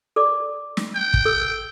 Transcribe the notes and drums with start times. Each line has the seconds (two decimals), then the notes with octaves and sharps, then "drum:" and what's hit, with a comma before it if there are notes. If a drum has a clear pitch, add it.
0.16 A4 D5 D6
0.77 drum: snare
0.95 G5
1.14 drum: kick
1.25 A4 E6